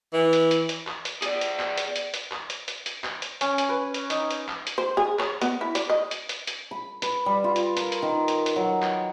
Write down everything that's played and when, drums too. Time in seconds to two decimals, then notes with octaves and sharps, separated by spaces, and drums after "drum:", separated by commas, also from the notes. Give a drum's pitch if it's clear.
0.13 E3
0.33 drum: hi-hat
0.51 drum: hi-hat
0.69 drum: hi-hat
0.87 drum: clap
1.05 drum: hi-hat
1.22 G#4 D5, drum: hi-hat
1.41 drum: hi-hat
1.59 drum: clap
1.78 drum: hi-hat
1.96 drum: hi-hat
2.14 drum: hi-hat
2.32 drum: clap
2.50 drum: hi-hat
2.68 drum: hi-hat
2.86 drum: hi-hat
3.04 drum: clap
3.22 drum: hi-hat
3.41 C#4, drum: hi-hat
3.58 drum: hi-hat
3.69 B4
3.94 drum: hi-hat
4.10 D#4, drum: hi-hat
4.31 drum: hi-hat
4.49 drum: clap
4.67 drum: hi-hat
4.78 C5
4.97 G#4
5.19 C#5, drum: clap
5.41 B3, drum: hi-hat
5.61 E4
5.75 D5, drum: hi-hat
5.90 D#5
6.11 drum: hi-hat
6.29 drum: hi-hat
6.47 drum: hi-hat
6.71 B5
7.02 B4, drum: hi-hat
7.26 G3
7.44 F4
7.56 drum: hi-hat
7.77 A#4, drum: hi-hat
7.92 drum: hi-hat
8.02 D#3
8.28 drum: hi-hat
8.46 drum: hi-hat
8.56 F#3
8.82 drum: clap